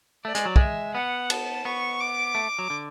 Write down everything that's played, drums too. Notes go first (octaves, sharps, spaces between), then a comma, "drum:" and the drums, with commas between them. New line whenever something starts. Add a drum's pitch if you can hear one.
A3 D5
G#3, drum: hi-hat
F#3
G#3 E5, drum: kick
B3 F#5
A5, drum: cymbal
B3 C#6
D6
A3
F#3
D3